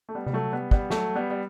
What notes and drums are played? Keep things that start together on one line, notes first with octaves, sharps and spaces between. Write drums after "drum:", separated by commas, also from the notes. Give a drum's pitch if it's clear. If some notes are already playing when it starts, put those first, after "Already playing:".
A3
G3 B3
G3, drum: tom C3
F#3 A3
G3 B3
G3 B3, drum: kick
F#3 A3, drum: snare
G3 B3
G3